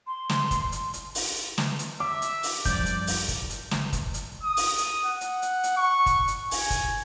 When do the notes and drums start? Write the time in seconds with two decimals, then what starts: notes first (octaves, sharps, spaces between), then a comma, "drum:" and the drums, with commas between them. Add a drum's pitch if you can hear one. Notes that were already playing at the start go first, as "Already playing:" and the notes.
0.07 C6
0.29 drum: snare
0.51 drum: kick, hi-hat
0.72 drum: hi-hat
0.94 drum: hi-hat
1.15 drum: open hi-hat
1.58 drum: snare
1.79 drum: hi-hat
2.00 E5 D6
2.22 drum: hi-hat
2.43 drum: open hi-hat
2.65 F#2 F3 G3 D5 G6, drum: kick, hi-hat
2.86 drum: hi-hat
3.07 drum: open hi-hat
3.29 drum: kick, hi-hat
3.50 drum: hi-hat
3.71 drum: snare
3.93 drum: kick, hi-hat
4.14 drum: hi-hat
4.43 D#6
4.57 drum: open hi-hat
4.78 drum: hi-hat
5.05 F#5
5.21 drum: hi-hat
5.42 drum: hi-hat
5.64 drum: hi-hat
5.77 C#6
6.06 drum: kick, hi-hat
6.28 drum: hi-hat
6.51 G#5, drum: open hi-hat
6.70 drum: kick, hi-hat